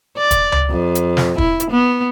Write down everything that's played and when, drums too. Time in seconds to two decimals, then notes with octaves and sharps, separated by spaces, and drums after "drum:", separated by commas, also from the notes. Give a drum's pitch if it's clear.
0.17 D5
0.31 drum: kick, hi-hat
0.52 drum: tom C#2
0.71 F2
0.95 drum: hi-hat
1.17 drum: snare
1.38 E4, drum: kick
1.60 drum: hi-hat
1.71 B3